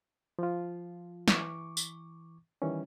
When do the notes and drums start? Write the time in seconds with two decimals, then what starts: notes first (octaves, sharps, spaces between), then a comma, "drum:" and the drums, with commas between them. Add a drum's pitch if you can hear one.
0.39 F3 F4
1.28 E3 C#6 D6, drum: snare
1.77 drum: tambourine
2.62 D#3 E3 G3 C#4